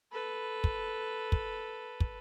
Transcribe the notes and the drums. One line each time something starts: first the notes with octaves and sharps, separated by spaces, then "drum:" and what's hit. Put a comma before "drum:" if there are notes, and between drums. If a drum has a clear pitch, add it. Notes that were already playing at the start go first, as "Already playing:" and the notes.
A4 B4
drum: kick
drum: kick
drum: kick